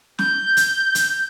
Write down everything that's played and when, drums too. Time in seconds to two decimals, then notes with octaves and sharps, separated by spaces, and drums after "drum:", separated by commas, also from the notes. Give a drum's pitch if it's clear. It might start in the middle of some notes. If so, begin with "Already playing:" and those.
0.19 G6, drum: snare
0.57 drum: hi-hat
0.95 drum: hi-hat